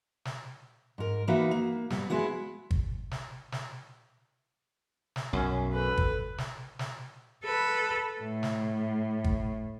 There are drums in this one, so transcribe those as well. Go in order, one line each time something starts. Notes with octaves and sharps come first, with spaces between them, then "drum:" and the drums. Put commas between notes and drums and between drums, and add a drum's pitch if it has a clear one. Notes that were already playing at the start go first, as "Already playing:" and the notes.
drum: snare
G#2 A#4
E3 A#3 D#4 F#4 B4 E5
A#3
G3 B3, drum: snare
G#3 B3 E4 F#4
drum: kick
drum: snare
drum: snare
drum: snare
B1 F#2 C#4
A4 B4
drum: kick
drum: snare
drum: snare
A4 B4
A2
drum: snare
drum: kick